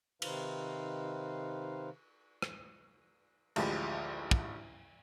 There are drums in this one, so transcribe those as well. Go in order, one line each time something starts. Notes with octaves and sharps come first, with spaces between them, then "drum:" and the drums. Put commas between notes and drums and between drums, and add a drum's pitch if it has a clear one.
C3 D#3 D#4 B4 C5 F5, drum: cymbal
drum: rim click
A1 D2 F3 G#3 G4 B5, drum: cymbal
drum: kick